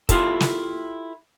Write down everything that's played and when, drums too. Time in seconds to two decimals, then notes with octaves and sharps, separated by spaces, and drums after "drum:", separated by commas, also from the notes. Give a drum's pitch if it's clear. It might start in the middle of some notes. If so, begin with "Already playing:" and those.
0.09 E4 F4 G4 A4, drum: kick, hi-hat
0.40 drum: snare